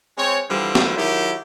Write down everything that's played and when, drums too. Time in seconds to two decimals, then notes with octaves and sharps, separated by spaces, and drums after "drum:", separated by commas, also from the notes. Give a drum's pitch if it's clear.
0.17 G#3 C4 C#5
0.50 D3 E3 F3 G3 C4
0.75 drum: snare
0.96 D#3 F#3 G#3 E4 G4